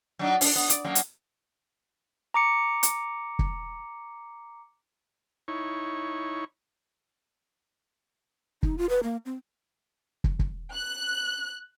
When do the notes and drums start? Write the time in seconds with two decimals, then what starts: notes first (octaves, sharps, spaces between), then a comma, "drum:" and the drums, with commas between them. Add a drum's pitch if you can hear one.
0.19 F#3 D4 D#4
0.41 C#4 D4, drum: open hi-hat
0.55 B3
0.70 D5, drum: hi-hat
0.85 F#2 F#3 A#3
0.95 drum: hi-hat
2.34 A#5 D6 C#7
2.83 drum: hi-hat
3.39 drum: kick
5.48 D#4 E4 C#5 C#6
8.63 D#4, drum: kick
8.78 F4
8.89 B4
9.03 A#3
9.26 C4
10.24 drum: kick
10.39 drum: kick
10.74 F#6